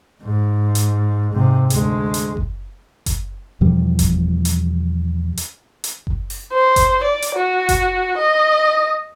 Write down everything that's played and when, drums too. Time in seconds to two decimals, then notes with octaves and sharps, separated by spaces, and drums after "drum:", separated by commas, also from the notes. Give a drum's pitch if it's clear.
0.23 G#2
0.75 drum: hi-hat
1.32 G#2 C3
1.70 D2 G#3, drum: hi-hat
2.14 drum: hi-hat
2.37 drum: kick F#1
3.06 drum: kick F#1, hi-hat
3.61 E2 B2 F3 G3
3.99 drum: kick F#1, hi-hat
4.45 drum: hi-hat
5.37 drum: hi-hat
5.84 drum: hi-hat
6.07 drum: kick F#1
6.30 drum: open hi-hat
6.53 C5
6.76 drum: kick F#1, hi-hat
7.04 D5
7.22 drum: hi-hat
7.36 F#4
7.69 drum: kick F#1, hi-hat
8.18 D#5